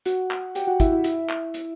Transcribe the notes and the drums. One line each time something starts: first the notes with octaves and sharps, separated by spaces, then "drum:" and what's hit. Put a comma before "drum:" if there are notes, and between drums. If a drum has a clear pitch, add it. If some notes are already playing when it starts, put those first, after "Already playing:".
F#4 F#5, drum: hi-hat
drum: clap
G4 G5, drum: hi-hat
F#4 F#5
E4 E5, drum: kick, hi-hat
E4 E5
E4 E5, drum: hi-hat
drum: clap
drum: hi-hat